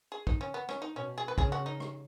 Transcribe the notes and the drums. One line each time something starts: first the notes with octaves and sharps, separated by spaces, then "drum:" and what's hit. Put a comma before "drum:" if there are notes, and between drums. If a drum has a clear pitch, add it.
G#4
D#4, drum: kick
C#4
B3
C#4, drum: rim click
D#4
B2 C#4
G#4
B4
C#3 G#4, drum: kick
F#4
D#4
drum: rim click